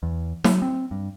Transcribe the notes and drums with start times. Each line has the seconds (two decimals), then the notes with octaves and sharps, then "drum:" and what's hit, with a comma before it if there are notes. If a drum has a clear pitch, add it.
0.03 E2
0.44 F#3, drum: snare
0.62 C4
0.91 G2